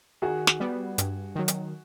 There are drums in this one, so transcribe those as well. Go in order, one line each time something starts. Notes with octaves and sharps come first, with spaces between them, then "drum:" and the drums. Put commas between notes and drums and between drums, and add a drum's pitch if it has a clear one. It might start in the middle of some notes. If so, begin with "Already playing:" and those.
D#3 F#4 G#4
drum: snare
G3 B3
G2, drum: hi-hat
D#3 F#3
drum: hi-hat